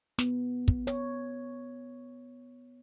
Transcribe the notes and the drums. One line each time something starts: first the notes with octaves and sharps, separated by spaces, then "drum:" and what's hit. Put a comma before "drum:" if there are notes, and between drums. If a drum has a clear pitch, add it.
B3, drum: snare
drum: kick
C#5, drum: hi-hat